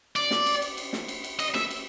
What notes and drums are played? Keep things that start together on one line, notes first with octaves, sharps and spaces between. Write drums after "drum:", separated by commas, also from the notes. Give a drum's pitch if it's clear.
D5, drum: cymbal
drum: snare
drum: cymbal
drum: cymbal
drum: cymbal
drum: snare
drum: cymbal
drum: cymbal
D#5, drum: cymbal
E5, drum: snare
drum: cymbal